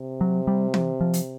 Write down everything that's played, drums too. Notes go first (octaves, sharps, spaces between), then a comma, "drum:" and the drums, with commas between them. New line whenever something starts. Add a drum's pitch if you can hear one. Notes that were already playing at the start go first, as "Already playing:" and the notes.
Already playing: C3
F#3
G3
drum: tom E3
F3
drum: hi-hat